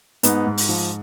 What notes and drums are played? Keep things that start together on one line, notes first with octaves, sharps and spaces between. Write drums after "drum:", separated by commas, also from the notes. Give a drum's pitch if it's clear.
G#2 B3 D#4, drum: hi-hat
G#2
drum: open hi-hat
F3